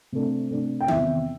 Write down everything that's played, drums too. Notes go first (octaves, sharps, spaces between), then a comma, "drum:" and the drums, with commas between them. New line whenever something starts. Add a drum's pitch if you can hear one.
C3 A3 D4
C3 A3 D4
G5
E2 C3 E3 E5, drum: tom D#3